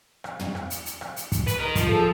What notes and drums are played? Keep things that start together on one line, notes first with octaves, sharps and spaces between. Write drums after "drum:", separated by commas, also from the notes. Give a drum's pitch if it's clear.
drum: rim click
drum: tom
drum: rim click
drum: hi-hat
drum: hi-hat
drum: rim click
drum: hi-hat
drum: kick, hi-hat
B4, drum: hi-hat
A#4 D#5
F3, drum: kick, hi-hat
G#4 A4